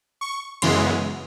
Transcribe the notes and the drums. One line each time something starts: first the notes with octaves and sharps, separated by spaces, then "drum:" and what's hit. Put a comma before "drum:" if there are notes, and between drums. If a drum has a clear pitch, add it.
C#6
F#2 C#3 E3 G#3 B3 C6, drum: cymbal